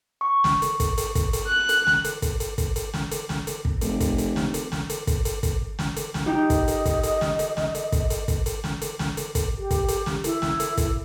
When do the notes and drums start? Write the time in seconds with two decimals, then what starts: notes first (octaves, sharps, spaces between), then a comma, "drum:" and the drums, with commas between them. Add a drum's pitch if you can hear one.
0.21 C#6
0.44 drum: snare
0.62 drum: hi-hat
0.80 drum: kick, hi-hat
0.98 drum: hi-hat
1.15 drum: kick, hi-hat
1.33 drum: hi-hat
1.48 F#6
1.69 drum: hi-hat
1.87 drum: snare
2.04 drum: hi-hat
2.22 drum: kick, hi-hat
2.40 drum: hi-hat
2.58 drum: kick, hi-hat
2.76 drum: hi-hat
2.94 drum: snare
3.11 drum: hi-hat
3.29 drum: snare
3.47 drum: hi-hat
3.65 drum: kick
3.81 F1, drum: hi-hat
4.00 drum: kick, hi-hat
4.18 drum: hi-hat
4.36 drum: snare
4.54 drum: hi-hat
4.72 drum: snare
4.90 drum: hi-hat
5.07 drum: kick, hi-hat
5.25 drum: hi-hat
5.43 drum: kick, hi-hat
5.79 drum: snare
5.96 drum: hi-hat
6.14 drum: snare
6.26 D#4 G4 D#5
6.50 drum: kick, hi-hat
6.68 drum: hi-hat
6.85 drum: kick, hi-hat
7.03 drum: hi-hat
7.21 drum: snare
7.39 drum: hi-hat
7.57 drum: snare
7.75 drum: hi-hat
7.92 drum: kick, hi-hat
8.10 drum: hi-hat
8.28 drum: kick, hi-hat
8.46 drum: hi-hat
8.64 drum: snare
8.81 drum: hi-hat
8.99 drum: snare
9.17 drum: hi-hat
9.35 drum: kick, hi-hat
9.57 G4
9.71 drum: kick, hi-hat
9.88 drum: hi-hat
10.06 drum: snare
10.24 E4, drum: hi-hat
10.42 drum: snare
10.60 drum: hi-hat
10.77 drum: kick, hi-hat